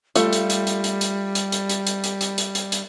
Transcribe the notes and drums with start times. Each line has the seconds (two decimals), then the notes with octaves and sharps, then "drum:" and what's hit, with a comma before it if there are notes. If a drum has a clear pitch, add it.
0.16 G3 A3 F4, drum: hi-hat
0.33 drum: hi-hat
0.50 drum: hi-hat
0.67 drum: hi-hat
0.84 drum: hi-hat
1.01 drum: hi-hat
1.35 drum: hi-hat
1.52 drum: hi-hat
1.69 drum: hi-hat
1.87 drum: hi-hat
2.04 drum: hi-hat
2.21 drum: hi-hat
2.38 drum: hi-hat
2.55 drum: hi-hat
2.72 drum: hi-hat